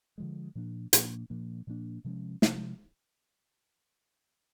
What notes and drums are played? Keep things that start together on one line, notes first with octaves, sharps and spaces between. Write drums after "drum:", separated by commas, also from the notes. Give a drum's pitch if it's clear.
D3 F3 G#3
A#2 F3 A#3 D4
A#2 F3 A#3 D4, drum: hi-hat
A#2 F3 A#3 D4
A#2 F3 A#3 D4
C3 F3 G#3 C#4
C3 F3 G#3, drum: snare